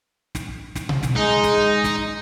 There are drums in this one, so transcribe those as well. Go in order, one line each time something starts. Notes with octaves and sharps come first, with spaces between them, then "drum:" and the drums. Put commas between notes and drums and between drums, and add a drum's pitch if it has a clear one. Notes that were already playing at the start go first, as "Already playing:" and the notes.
drum: snare
drum: snare
drum: tom B2
drum: snare
G#3 D#4
drum: snare
drum: snare